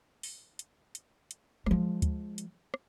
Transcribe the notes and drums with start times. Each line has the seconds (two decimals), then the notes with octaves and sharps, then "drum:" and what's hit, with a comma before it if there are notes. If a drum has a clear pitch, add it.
0.23 drum: open hi-hat
0.59 drum: hi-hat
0.95 drum: hi-hat
1.31 drum: hi-hat
1.66 F3 G#3, drum: rim click
2.02 drum: kick D2, hi-hat
2.38 drum: hi-hat
2.74 drum: rim click